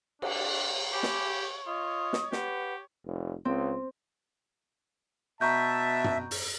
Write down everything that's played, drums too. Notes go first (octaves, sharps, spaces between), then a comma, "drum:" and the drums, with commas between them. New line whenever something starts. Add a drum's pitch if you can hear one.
D4, drum: cymbal
G4 C#5 G#5 B5 D6
drum: snare
F4 D#5 D#6
drum: snare
G4 B4 F#5, drum: snare
F1
C#2 C4
B2 E5 A5 A#5 C#6 G6
drum: tom
drum: open hi-hat